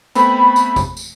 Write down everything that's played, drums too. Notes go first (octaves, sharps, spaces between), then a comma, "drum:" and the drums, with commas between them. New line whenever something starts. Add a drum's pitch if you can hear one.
A3 B3 C4 B5, drum: tambourine
drum: tambourine
drum: kick G#1, tambourine
drum: tambourine